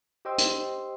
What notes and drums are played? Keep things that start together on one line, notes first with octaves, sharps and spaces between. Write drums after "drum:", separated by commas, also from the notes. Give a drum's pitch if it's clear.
G4 C5 D#5 G5 C6 E6
drum: hi-hat